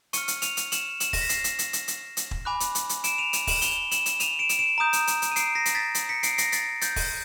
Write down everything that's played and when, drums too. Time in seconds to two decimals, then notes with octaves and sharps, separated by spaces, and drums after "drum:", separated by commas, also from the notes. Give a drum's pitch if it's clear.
0.13 C#6 F6 C#7 D#7, drum: hi-hat
0.28 drum: hi-hat
0.42 D#7 F7, drum: hi-hat
0.57 drum: hi-hat
0.72 E7 F#7, drum: hi-hat
1.00 E7 F#7, drum: hi-hat
1.13 A#6, drum: kick E1, open hi-hat
1.22 B6
1.29 A#6 C7, drum: hi-hat
1.44 drum: hi-hat
1.59 drum: hi-hat
1.73 drum: hi-hat
1.88 drum: hi-hat
2.17 drum: hi-hat
2.31 drum: kick E1
2.45 G#5 B5 D6 F#6
2.60 drum: hi-hat
2.75 drum: hi-hat
2.89 drum: hi-hat
3.04 D7 E7, drum: hi-hat
3.18 D#7 F7
3.33 drum: hi-hat
3.47 E7 F#7, drum: kick E1, open hi-hat
3.61 F7 G7, drum: hi-hat
3.91 E7 F#7, drum: hi-hat
4.06 drum: hi-hat
4.20 D#7 F7, drum: hi-hat
4.39 D7 E7
4.49 drum: hi-hat
4.59 D7 E7
4.78 A#5 D#6 G6
4.93 drum: hi-hat
5.07 drum: hi-hat
5.22 drum: hi-hat
5.32 D#7
5.36 C7 D7, drum: hi-hat
5.55 A#6 C7
5.65 drum: hi-hat
5.75 A6 B6
5.95 drum: hi-hat
6.09 B6 C#7
6.23 C7 D7, drum: hi-hat
6.38 A#6 C7, drum: hi-hat
6.52 A6 B6, drum: hi-hat
6.81 G6 A6, drum: hi-hat
6.96 drum: kick E1, open hi-hat